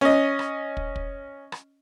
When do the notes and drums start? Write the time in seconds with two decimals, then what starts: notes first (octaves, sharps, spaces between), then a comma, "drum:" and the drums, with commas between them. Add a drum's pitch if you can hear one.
0.01 C#4 D#5
0.39 drum: rim click
0.77 drum: kick
0.96 drum: kick
1.52 drum: rim click